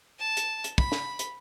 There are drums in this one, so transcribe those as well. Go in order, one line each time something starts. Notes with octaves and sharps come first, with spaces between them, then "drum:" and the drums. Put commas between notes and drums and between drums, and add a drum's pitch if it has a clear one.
A5
drum: hi-hat
drum: hi-hat
B5, drum: kick
drum: snare
drum: hi-hat